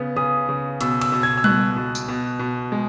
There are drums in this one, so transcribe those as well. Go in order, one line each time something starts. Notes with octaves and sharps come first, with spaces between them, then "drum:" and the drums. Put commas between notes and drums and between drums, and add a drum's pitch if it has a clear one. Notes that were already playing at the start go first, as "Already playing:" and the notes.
Already playing: C#3 B3
C#3 D#6
C#3
B2 E6, drum: hi-hat
E6, drum: cymbal
B2
G#6
E6
B2 F#6, drum: tom G3
B2
drum: tambourine
B2
B2
G#3